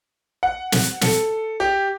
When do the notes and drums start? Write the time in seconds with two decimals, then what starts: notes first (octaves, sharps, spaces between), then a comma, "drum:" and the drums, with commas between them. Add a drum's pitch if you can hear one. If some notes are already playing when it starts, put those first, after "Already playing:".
0.43 F#5
0.72 drum: snare
1.01 A4, drum: snare
1.60 G4